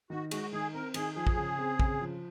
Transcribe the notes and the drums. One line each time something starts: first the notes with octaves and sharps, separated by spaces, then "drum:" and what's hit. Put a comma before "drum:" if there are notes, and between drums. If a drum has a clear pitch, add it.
D#3 F#4
G#3 F#4, drum: cymbal
D#3 G#4
C4 A#4
D#3 G#4, drum: cymbal
F3 G#4
drum: kick A1
C#3
C4
C#3, drum: kick A1
F3